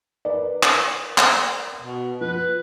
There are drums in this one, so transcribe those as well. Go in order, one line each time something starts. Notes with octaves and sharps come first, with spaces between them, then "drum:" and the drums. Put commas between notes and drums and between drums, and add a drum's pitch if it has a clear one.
A#4 B4 D5
drum: clap
drum: clap
B2
F3 B4